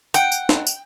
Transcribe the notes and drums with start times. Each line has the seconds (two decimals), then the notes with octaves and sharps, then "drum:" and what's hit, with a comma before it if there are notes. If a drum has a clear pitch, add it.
0.14 F#5 G5, drum: tambourine
0.32 drum: tambourine
0.49 drum: snare
0.67 drum: tambourine